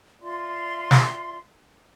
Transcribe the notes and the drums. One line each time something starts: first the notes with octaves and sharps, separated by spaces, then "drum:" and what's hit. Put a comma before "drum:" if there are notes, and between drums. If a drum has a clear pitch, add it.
F4 D5 E5 C6
drum: snare